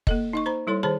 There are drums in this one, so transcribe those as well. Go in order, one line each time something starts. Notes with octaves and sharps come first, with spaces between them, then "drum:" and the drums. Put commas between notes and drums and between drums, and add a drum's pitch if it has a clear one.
A#3 A4 D#5, drum: kick F#1
D#4 D#5 C#6
C5 A#5 B5
G3 E4 A4 C#5 C6
D#3 G#4 C5 C#5 A5 B5